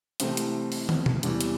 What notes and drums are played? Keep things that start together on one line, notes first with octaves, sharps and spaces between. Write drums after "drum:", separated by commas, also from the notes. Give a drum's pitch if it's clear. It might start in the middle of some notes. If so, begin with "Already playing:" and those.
C2 C3 E3 A3 C4, drum: hi-hat
drum: hi-hat
drum: open hi-hat
drum: tom
drum: tom B2
E2 C3 E3 G3, drum: hi-hat
drum: hi-hat